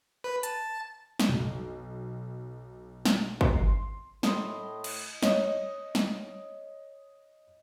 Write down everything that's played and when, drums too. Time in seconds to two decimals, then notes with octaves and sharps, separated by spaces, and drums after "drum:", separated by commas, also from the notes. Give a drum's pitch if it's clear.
0.24 B4
0.43 A5, drum: hi-hat
1.20 drum: snare
1.29 B1
3.05 drum: snare
3.41 C6, drum: kick
4.23 A2 D#5 C6, drum: snare
4.84 drum: cymbal
5.23 C#5 D#5, drum: snare
5.95 drum: snare